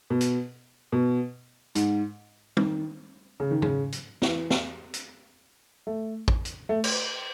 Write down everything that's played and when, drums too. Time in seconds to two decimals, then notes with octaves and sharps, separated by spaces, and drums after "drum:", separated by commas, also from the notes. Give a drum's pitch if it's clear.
0.10 B2
0.21 drum: hi-hat
0.92 B2
1.75 G#2, drum: hi-hat
2.57 D#3, drum: tom
3.40 C#3
3.51 D#3
3.62 C#3, drum: tom
3.92 drum: hi-hat
4.22 E3, drum: snare
4.50 drum: snare
4.94 drum: hi-hat
5.87 A3
6.28 drum: kick
6.45 drum: hi-hat
6.69 A3
6.84 drum: cymbal